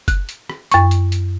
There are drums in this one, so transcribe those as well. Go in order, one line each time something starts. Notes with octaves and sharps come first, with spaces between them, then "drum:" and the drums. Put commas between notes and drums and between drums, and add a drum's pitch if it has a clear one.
F#6, drum: kick F#1, hi-hat
drum: hi-hat
drum: rim click
F#2 C#6, drum: hi-hat
drum: hi-hat
drum: hi-hat